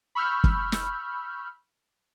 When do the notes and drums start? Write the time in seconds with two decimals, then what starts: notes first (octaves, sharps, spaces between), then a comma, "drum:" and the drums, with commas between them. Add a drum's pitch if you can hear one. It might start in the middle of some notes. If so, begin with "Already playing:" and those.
0.15 B5 C#6 E6 F6 G6
0.44 drum: kick
0.72 drum: snare